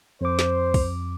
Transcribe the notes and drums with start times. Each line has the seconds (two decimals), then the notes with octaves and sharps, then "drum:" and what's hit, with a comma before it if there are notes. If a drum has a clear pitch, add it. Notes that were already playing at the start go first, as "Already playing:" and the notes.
0.21 F2 C5 D6
0.39 drum: snare
0.74 drum: kick, open hi-hat